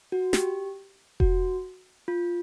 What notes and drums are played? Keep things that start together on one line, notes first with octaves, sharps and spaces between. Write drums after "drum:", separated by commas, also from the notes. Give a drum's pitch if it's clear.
F#4
G4, drum: snare
F#4, drum: kick E1
F4